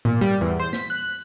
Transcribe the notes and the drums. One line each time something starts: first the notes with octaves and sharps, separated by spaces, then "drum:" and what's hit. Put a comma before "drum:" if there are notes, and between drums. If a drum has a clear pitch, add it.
A#2, drum: tom G#2
G3
E2
C5
B6, drum: snare
F#6